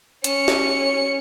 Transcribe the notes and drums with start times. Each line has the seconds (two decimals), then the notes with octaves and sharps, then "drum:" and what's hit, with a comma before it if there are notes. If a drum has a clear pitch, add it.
0.24 C#4 C#7, drum: hi-hat
0.48 drum: snare